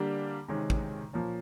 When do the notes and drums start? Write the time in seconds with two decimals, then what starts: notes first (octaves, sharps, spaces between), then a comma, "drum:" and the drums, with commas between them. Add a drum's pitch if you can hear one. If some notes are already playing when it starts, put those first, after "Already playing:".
Already playing: D3 G3 A#3 D4 G4
0.48 C3 D#3 G#3 C#4
0.70 drum: kick
1.13 A#2 F3 A#3 C#4